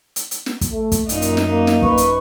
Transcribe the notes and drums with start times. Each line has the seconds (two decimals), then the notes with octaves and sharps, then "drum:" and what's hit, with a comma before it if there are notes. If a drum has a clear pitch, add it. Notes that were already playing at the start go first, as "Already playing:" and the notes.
0.16 drum: hi-hat
0.31 drum: hi-hat
0.46 drum: snare
0.61 drum: kick, hi-hat
0.72 A3
0.92 drum: kick, hi-hat
1.09 F#2 A#2 D#4, drum: hi-hat
1.22 drum: hi-hat
1.37 drum: snare
1.47 A#3
1.67 drum: snare
1.82 B4 C#6, drum: kick
1.97 drum: hi-hat